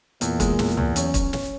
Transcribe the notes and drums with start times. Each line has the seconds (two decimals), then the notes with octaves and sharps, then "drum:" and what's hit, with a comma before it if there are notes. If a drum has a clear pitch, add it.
0.21 E2 A#2, drum: hi-hat
0.40 G#3, drum: kick, hi-hat
0.59 E2, drum: snare
0.77 E2, drum: tom C#2
0.96 F#2 C#4, drum: hi-hat
1.14 C#4, drum: kick, hi-hat
1.33 C#4, drum: snare